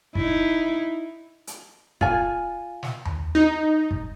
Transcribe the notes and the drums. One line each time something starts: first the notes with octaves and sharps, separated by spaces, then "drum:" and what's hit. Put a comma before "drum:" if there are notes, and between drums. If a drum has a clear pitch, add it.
D#4 E4, drum: kick
drum: hi-hat
F4 G#5, drum: kick
drum: snare
drum: tom D#2
D#4
drum: kick